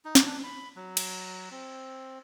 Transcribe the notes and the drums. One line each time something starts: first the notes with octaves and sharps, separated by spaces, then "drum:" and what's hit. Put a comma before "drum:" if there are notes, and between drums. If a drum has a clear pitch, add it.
D#4
drum: snare
D4
B5
F#3
drum: cymbal
C4